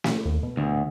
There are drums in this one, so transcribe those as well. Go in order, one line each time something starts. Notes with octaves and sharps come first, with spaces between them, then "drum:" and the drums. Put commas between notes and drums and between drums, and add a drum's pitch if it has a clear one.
drum: snare
D#2
B2
D2